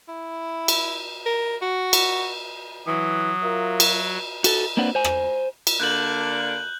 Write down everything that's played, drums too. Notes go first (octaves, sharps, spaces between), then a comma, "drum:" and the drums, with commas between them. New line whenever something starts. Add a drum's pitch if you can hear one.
E4
drum: cymbal
A#4
F#4
drum: cymbal
E3 F#3 D#6
F4 A#4 E5
drum: cymbal
F#4 A4, drum: cymbal
A#3 C4 D4 B4 F#5
C5 G#5
drum: rim click
drum: cymbal
D3 A#3 D4 F#6 G6 F#7